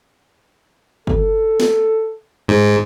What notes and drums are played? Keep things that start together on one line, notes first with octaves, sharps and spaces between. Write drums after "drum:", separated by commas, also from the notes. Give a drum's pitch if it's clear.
A4, drum: kick
drum: snare
G#2